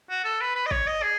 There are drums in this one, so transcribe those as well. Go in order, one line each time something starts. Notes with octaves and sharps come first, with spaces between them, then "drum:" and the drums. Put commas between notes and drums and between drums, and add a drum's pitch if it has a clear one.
F#4
A4
B4
B4
D#5
C#5, drum: kick
D#5
G#4